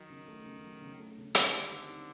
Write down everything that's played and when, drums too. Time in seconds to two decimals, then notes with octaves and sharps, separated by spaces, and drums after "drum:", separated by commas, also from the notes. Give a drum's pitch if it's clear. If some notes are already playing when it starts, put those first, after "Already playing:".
Already playing: D#3 F#3
0.10 C#3
0.28 A3
0.46 C#3
0.64 F#3
0.82 C#3
0.99 A3
1.18 C#3
1.35 D3 G3, drum: hi-hat
1.54 D#3
1.71 C4
1.89 D#4